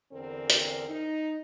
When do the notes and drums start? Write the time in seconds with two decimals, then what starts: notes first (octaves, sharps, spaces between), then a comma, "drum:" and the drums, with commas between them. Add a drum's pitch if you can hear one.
0.11 E2 D3 C4 D4 A#4
0.50 drum: hi-hat
0.88 D#4